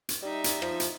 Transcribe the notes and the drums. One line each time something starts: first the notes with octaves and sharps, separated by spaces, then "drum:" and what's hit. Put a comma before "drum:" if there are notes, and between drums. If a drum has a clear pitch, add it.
drum: hi-hat
G3 D#4 E5
drum: hi-hat
F3, drum: rim click
drum: hi-hat